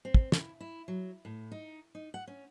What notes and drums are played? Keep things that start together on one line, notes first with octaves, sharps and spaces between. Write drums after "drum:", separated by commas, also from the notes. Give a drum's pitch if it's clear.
C4
drum: kick
E4, drum: snare
E4
F#3
A2
D#4
D#4
F#5
C#4